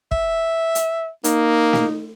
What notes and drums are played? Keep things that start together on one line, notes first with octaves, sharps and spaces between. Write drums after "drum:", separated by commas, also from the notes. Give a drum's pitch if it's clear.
E5, drum: kick
drum: hi-hat
A#3 D#4, drum: hi-hat
drum: snare